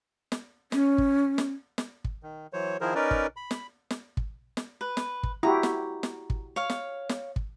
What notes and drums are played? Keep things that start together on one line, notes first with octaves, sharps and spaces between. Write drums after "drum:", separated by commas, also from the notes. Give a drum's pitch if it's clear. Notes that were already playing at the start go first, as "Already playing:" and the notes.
drum: snare
C#4, drum: snare
drum: kick
drum: snare
drum: snare
drum: kick
D#3
E3 F#3 C5 C#5
D#3 F3 E4 G#4 A#4 C5
C#4 D#4 A#4 B4 D5
drum: kick
B5
drum: snare
drum: snare
drum: kick
drum: snare
B4
drum: snare
drum: kick
E4 F#4 G4 A#5
drum: snare
drum: snare
drum: kick
C#5 F5
drum: snare
drum: snare
drum: kick